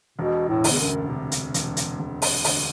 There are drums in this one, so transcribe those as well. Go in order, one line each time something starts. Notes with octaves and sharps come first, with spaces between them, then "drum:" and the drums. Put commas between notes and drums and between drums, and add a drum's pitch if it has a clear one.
E1 B2
A2
D2, drum: open hi-hat
E2
F#2
C3
drum: hi-hat
E1, drum: hi-hat
drum: hi-hat
E1
drum: open hi-hat
D2, drum: open hi-hat